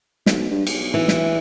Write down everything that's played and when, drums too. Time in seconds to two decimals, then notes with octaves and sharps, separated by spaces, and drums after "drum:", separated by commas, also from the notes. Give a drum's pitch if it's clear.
0.26 B1, drum: snare
0.51 G2
0.67 B1, drum: cymbal
0.94 E3
1.08 drum: snare